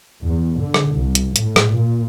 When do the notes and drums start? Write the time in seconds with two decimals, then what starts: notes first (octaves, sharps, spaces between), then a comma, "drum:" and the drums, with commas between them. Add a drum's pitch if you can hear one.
0.22 E2
0.60 D3
0.74 drum: rim click
0.90 C2
1.15 drum: hi-hat
1.36 A2, drum: hi-hat
1.56 drum: rim click
1.71 A#2